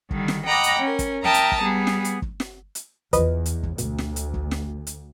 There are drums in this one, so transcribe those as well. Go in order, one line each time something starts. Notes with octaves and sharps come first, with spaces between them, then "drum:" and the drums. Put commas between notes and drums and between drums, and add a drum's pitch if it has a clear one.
D3 D#3 G3, drum: kick
drum: snare
D#5 F#5 G5 A#5 B5 D6
drum: hi-hat
C#4 A#4
drum: kick, hi-hat
A#4 E5 G5 A5 A#5 D#6
drum: hi-hat
drum: kick
G3 B3 G#4
drum: snare
drum: hi-hat
drum: kick
drum: snare
drum: hi-hat
E2 F3 B4 D#5, drum: kick, hi-hat
drum: hi-hat
drum: kick
D2 B2, drum: hi-hat
drum: snare
drum: hi-hat
drum: kick
drum: snare
drum: hi-hat